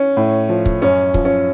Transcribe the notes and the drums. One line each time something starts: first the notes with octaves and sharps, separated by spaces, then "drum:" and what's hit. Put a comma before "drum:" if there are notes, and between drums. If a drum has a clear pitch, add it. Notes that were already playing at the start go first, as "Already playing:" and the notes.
Already playing: C#4
A2
F3
drum: kick
F#2 C#4
F3, drum: kick
C#4